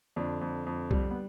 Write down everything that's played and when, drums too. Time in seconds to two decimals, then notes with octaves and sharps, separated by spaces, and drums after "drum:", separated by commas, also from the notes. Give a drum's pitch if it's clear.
0.16 F2 D3 D4
0.41 F2
0.66 F2
0.91 G3, drum: kick B1
1.11 B3